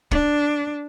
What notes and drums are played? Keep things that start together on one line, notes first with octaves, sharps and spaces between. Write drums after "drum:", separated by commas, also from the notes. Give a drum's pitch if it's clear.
D4, drum: kick